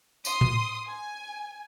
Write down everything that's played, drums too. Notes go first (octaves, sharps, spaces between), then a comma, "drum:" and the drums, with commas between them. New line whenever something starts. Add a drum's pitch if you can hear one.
C6 D#6, drum: tambourine
drum: tom A2
G#5